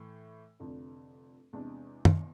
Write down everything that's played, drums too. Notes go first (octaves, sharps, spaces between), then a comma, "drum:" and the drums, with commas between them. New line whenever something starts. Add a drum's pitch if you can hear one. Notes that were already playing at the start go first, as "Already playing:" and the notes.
Already playing: A2 E3
F1 F2 D3
E2 C3 G#3 D4
drum: tom